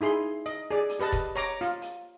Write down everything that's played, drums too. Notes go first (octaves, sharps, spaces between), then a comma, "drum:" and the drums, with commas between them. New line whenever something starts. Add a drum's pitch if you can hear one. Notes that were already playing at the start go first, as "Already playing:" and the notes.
D#4 E4 G#4 C6
D#5
G#4 D5
drum: hi-hat
G4 B4 D#5 A5
drum: kick E1, hi-hat
C#5 A#5 D6, drum: hi-hat
F4, drum: hi-hat
drum: hi-hat